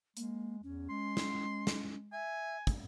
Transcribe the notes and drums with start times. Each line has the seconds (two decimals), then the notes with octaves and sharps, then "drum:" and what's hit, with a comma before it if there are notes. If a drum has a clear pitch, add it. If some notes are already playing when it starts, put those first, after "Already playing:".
0.17 G#3 A#3, drum: hi-hat
0.63 E2 C#4
0.89 G#3 C6
1.17 drum: snare
1.67 drum: snare
2.12 E5 G#5
2.67 drum: kick, hi-hat